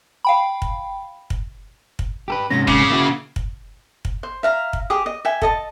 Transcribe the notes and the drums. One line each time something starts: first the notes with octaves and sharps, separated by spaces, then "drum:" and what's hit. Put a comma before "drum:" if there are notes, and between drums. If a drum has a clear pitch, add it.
F5 G5 B5
drum: kick
drum: kick
drum: kick
G4 A4 B4
G#2 C3 C#4 A#6
C#3 D6, drum: kick
A#3 E4 F#4
drum: kick
drum: kick
C5
E5 F5 A#5
drum: kick
G4 G#4 D#6
D#5
E5 G5 G#5
A4 D#5 A5, drum: kick